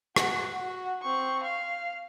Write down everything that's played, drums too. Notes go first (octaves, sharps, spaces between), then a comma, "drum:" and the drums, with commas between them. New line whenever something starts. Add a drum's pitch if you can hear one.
F#4, drum: rim click
F#4
C4 C#6
F5